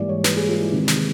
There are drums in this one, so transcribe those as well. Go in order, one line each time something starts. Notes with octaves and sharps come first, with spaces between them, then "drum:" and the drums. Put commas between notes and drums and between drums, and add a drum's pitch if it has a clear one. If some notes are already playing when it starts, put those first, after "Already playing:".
Already playing: G#2 E3 G3 A#3 D5
C#5
B4, drum: snare
G#4
F4
E4
C3 D#3 G#3 D#4
drum: snare